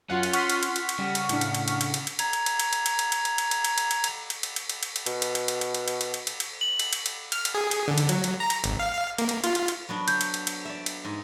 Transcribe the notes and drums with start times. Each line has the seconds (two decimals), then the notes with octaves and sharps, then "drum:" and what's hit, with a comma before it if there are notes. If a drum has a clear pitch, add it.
0.10 F#2 C#4 F4 F5 F#5
0.23 drum: cymbal
0.33 F#5 C6 C#6 F6 B6, drum: cymbal
0.49 drum: cymbal
0.63 drum: cymbal
0.76 drum: cymbal
0.89 drum: cymbal
0.99 C#3 G3 F#5
1.15 drum: cymbal
1.29 A2 D4, drum: cymbal
1.41 drum: cymbal
1.54 drum: cymbal
1.68 drum: cymbal
1.81 drum: cymbal
1.94 drum: cymbal
2.07 drum: cymbal
2.19 A#5 G#6, drum: cymbal
2.33 drum: cymbal
2.46 drum: cymbal
2.59 drum: cymbal
2.73 drum: cymbal
2.86 drum: cymbal
2.99 drum: cymbal
3.12 drum: cymbal
3.25 drum: cymbal
3.38 drum: cymbal
3.51 drum: cymbal
3.64 drum: cymbal
3.78 drum: cymbal
3.91 drum: cymbal
4.04 drum: cymbal
4.30 drum: cymbal
4.43 drum: cymbal
4.56 drum: cymbal
4.69 drum: cymbal
4.83 drum: cymbal
4.96 drum: cymbal
5.06 B2, drum: cymbal
5.22 drum: cymbal
5.35 drum: cymbal
5.48 drum: cymbal
5.61 drum: cymbal
5.74 drum: cymbal
5.88 drum: cymbal
6.01 drum: cymbal
6.14 drum: cymbal
6.27 drum: cymbal
6.40 drum: cymbal
6.61 F#7
6.79 drum: cymbal
6.93 drum: cymbal
7.06 drum: cymbal
7.32 F6, drum: cymbal
7.45 drum: cymbal
7.55 G#4
7.71 drum: cymbal
7.88 D3
7.98 drum: cymbal
8.09 F#3, drum: cymbal
8.24 drum: cymbal
8.40 A#5
8.50 drum: cymbal
8.64 G#1, drum: cymbal
8.79 F5
8.95 F5
9.18 A#3, drum: cymbal
9.29 drum: cymbal
9.44 F4, drum: cymbal
9.55 drum: cymbal
9.68 drum: cymbal
9.89 F#3 B3 D4
10.08 G6, drum: cymbal
10.21 drum: cymbal
10.34 drum: cymbal
10.47 drum: cymbal
10.65 D5 E5
10.86 drum: cymbal
11.04 G#2